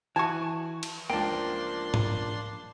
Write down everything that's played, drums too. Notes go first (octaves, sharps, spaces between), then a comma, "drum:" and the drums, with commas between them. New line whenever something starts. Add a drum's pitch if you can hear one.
E3 F#4 G#5 A5 C#6
drum: cymbal
C#2 F3 A#3 D4 G5 A5 C6
drum: tom G#2